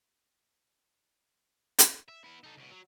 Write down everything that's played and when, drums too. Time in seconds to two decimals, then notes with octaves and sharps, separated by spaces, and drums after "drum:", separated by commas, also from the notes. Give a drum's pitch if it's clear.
1.79 drum: hi-hat
2.08 E5
2.24 B3 E4
2.44 D#4 A4
2.57 C#2 B2
2.71 F#3